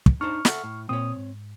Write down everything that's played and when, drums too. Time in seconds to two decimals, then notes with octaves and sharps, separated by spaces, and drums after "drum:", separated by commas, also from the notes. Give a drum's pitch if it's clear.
0.06 drum: kick
0.21 D4 D#4 C5 C#6 F6
0.45 A4 E5 F#5, drum: snare
0.64 A2
0.89 A#2 C4 C#5 D#6
1.16 G#2